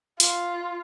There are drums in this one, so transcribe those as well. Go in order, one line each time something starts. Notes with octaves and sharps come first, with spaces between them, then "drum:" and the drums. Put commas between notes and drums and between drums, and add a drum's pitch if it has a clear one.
F4, drum: hi-hat